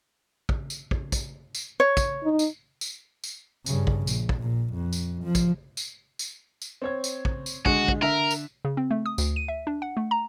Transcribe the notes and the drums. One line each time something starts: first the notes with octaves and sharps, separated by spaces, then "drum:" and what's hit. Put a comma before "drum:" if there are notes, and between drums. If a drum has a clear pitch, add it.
drum: kick
drum: tambourine
drum: kick
drum: kick, tambourine
drum: tambourine
C#5
drum: kick, tambourine
D#4
drum: tambourine
drum: tambourine
drum: tambourine
G2 C#3, drum: tambourine
drum: kick
A#1, drum: tambourine
drum: kick
A#2
F2
drum: tambourine
F3
drum: kick, tambourine
drum: tambourine
drum: tambourine
drum: tambourine
C4 C#5 G#6
drum: tambourine
drum: kick
drum: tambourine
D3 G#3 F#4, drum: kick
drum: kick
D3 A#4 E5
drum: tambourine
C#3
C4
A3
D#6
D2, drum: tambourine
D#7
E5
D4
F#5
A3
A#5